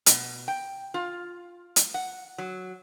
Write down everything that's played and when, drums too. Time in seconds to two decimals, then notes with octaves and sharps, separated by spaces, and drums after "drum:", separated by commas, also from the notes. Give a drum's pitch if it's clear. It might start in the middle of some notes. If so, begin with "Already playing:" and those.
0.06 B2, drum: hi-hat
0.48 G5
0.94 F4
1.76 drum: hi-hat
1.94 F#5
2.38 F#3